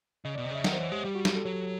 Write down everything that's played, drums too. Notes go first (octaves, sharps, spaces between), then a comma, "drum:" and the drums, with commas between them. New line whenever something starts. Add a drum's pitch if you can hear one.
C#3 D#5
B2 D5
C3 D#5
C#3 E5
D#3 F#5, drum: snare
C5
E3 C#5
G#3 G4
G3 G4
F#4
drum: snare
A4
F#3 C#5